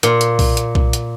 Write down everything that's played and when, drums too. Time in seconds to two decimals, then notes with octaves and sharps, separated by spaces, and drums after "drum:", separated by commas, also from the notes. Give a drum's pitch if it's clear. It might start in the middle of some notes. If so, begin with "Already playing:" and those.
0.03 A#2, drum: hi-hat
0.21 drum: hi-hat
0.39 drum: kick B1, open hi-hat
0.57 drum: hi-hat
0.75 drum: kick B1
0.93 drum: hi-hat